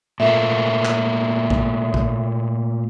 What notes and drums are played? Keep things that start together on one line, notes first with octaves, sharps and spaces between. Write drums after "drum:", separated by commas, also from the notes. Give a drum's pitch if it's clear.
A#2 A3 A#3 E5
drum: clap
drum: kick A1
drum: kick A1